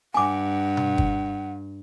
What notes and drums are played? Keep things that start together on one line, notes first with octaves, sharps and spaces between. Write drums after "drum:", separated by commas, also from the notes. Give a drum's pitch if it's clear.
G2 F#5 G#5 D6
drum: tom B2
drum: kick